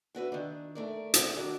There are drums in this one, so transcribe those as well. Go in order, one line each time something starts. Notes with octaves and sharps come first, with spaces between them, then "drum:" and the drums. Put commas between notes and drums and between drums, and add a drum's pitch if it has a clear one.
D4 F#4 B4 E5
D#3 D4
A3 A#4 D5
drum: hi-hat
D#3 D4 F#4 A#4 D5